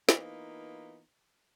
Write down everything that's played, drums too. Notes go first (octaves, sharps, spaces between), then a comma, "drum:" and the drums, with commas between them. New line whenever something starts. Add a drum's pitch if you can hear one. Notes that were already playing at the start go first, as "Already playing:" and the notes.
E3 A#3 B3 D#4 F4, drum: snare